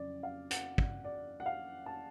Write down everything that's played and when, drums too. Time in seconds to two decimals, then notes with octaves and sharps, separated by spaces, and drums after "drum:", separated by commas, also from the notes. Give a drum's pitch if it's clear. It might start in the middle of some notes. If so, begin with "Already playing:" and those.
Already playing: F2 C#3 F#3 D5
0.23 F5
0.51 F#5, drum: hi-hat
0.78 drum: kick
1.05 D5
1.40 F#5
1.46 F5
1.86 A5